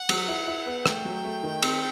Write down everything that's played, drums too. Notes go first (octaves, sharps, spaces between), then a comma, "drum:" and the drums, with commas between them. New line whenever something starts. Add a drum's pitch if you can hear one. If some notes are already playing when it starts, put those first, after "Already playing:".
Already playing: F#5
F#3, drum: cymbal
E4
E4
B3
A3 G5, drum: rim click
F#3
A3
D#3
C4, drum: cymbal